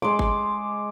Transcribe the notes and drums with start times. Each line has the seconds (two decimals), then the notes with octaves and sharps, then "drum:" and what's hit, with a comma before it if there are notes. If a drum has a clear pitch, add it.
0.02 G#3 C6 D6, drum: tom A2
0.19 drum: kick G1